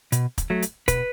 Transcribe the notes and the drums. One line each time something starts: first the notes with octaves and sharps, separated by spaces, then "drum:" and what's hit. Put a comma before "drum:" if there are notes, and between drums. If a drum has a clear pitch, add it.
B2, drum: hi-hat
drum: kick, hi-hat
F#3 A3
drum: hi-hat
B2 B4, drum: kick, hi-hat